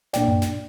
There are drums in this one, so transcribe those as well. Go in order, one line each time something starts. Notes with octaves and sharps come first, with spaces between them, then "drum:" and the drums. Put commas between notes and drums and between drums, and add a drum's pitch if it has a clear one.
C2 A#2 A#3 D4 D5 G5, drum: snare
drum: tom F#2
drum: snare